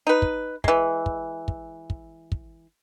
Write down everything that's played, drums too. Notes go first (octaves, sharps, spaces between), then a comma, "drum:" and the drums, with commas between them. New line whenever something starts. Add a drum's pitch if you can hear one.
D#4 B4
drum: kick
E3 G#3, drum: kick
drum: kick
drum: kick
drum: kick
drum: kick